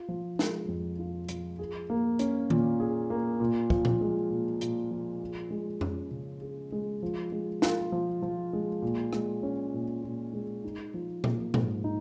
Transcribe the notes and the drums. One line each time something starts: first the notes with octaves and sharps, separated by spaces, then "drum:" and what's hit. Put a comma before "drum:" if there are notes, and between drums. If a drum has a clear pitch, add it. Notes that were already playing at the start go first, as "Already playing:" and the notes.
Already playing: F4
F3
G#3, drum: snare
F2
F4
F3, drum: hi-hat
G#4
A#3
C#4, drum: hi-hat
A#2, drum: tom D#3
G#4
A#3
A#2
F3, drum: kick
drum: tom A#2
G#3
A#2
A#2, drum: hi-hat
F3
G#4
G#3
C#4, drum: tom F2
C#3
G#4
G#3
F3
G#3
F4, drum: snare
F3
F3
G#3
A#2
G#3, drum: rim click
C#4
A#2
A#2
G#3
D#4
F3
A#3, drum: tom A#2
G#2, drum: tom A#2
D#4